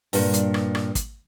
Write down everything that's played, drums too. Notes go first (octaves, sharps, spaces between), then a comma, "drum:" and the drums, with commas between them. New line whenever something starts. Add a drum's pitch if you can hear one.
G2 A#2, drum: open hi-hat
drum: hi-hat
drum: rim click
drum: rim click
drum: kick, hi-hat